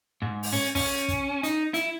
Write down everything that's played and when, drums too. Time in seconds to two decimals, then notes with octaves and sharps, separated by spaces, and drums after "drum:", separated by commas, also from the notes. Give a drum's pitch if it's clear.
0.22 G#2
0.43 drum: open hi-hat
0.53 C#4
0.75 C#4, drum: kick, open hi-hat
1.08 drum: kick, hi-hat
1.43 D#4, drum: hi-hat
1.74 E4, drum: hi-hat